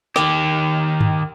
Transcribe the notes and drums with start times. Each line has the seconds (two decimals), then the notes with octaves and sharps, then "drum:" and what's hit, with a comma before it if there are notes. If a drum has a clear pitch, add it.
0.16 D#3 G4, drum: snare
1.00 drum: tom G2